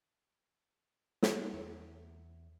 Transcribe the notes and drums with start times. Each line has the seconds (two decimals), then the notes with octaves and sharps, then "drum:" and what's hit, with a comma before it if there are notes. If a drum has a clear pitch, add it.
1.22 drum: snare
1.53 E2